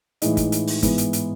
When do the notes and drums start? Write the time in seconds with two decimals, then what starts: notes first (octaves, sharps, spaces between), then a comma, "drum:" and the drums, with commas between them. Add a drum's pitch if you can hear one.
0.22 A2 E3 G#3 D#4, drum: hi-hat
0.37 drum: kick G1, hi-hat
0.52 drum: hi-hat
0.67 drum: open hi-hat
0.83 G#2 E3 B3, drum: kick G1, hi-hat
0.98 drum: hi-hat
1.13 drum: hi-hat